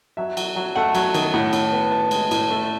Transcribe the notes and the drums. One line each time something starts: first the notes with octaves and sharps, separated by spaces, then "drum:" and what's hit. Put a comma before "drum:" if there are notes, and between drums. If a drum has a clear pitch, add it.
F#3 E5
F#3, drum: cymbal
F#3
A3 F#5
F#3, drum: cymbal
D#3, drum: cymbal
A2 F#5
A2, drum: cymbal
B3
B3 A5
G#3, drum: cymbal
A2, drum: cymbal
A3